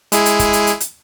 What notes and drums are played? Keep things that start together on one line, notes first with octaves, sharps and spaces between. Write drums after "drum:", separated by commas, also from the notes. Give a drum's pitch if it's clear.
G#3 E4 G#4, drum: hi-hat
drum: hi-hat
drum: kick, hi-hat
drum: hi-hat
drum: hi-hat
drum: hi-hat